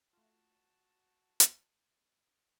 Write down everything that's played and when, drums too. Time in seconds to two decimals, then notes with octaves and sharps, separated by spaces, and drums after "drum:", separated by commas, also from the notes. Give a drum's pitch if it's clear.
0.13 A3 F4 F#4 A5
1.40 drum: hi-hat